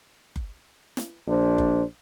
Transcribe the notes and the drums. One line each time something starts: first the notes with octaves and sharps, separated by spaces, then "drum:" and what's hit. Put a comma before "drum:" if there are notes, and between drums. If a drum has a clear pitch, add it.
drum: kick F#1
drum: snare
A#1 D4 C5
drum: kick F#1